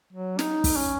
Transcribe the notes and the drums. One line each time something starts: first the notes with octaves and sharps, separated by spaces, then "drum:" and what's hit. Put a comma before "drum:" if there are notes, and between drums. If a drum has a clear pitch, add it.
F#3
D#4, drum: snare
drum: kick, open hi-hat
C#4